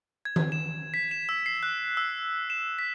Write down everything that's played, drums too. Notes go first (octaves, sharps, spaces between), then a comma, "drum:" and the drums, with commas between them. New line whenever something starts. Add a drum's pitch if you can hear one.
G#6
drum: tom D#3
E7
B6
E7
E6
C7
F#6
E6
E7
B6